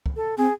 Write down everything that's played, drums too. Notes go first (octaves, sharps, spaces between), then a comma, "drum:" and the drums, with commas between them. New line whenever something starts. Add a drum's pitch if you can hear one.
drum: kick
A4
C4 G#4